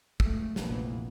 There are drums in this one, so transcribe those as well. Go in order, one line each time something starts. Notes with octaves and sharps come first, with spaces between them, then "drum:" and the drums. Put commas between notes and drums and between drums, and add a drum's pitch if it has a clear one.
C#2 F#2 A3, drum: kick
F1 A#1 C3 E3 A#3 B3, drum: snare